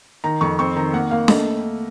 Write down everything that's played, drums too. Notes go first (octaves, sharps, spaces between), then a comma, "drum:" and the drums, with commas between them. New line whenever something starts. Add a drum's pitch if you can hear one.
D#3 A#5
F2 C#6
C4 C#6
D#3 A#5
A#3 F#5
A#3 F5
A3 D#5, drum: snare